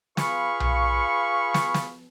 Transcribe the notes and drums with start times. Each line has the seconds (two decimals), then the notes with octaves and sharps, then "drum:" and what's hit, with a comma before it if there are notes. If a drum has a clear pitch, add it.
0.17 F4 G#4 B4 F5 B5 C#6, drum: snare
0.60 drum: tom B1
1.54 drum: snare
1.74 drum: snare